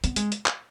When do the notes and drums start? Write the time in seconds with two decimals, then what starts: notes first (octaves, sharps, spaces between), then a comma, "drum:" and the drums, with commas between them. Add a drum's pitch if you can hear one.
0.04 B3, drum: hi-hat
0.16 G#3, drum: hi-hat
0.32 drum: hi-hat
0.46 drum: clap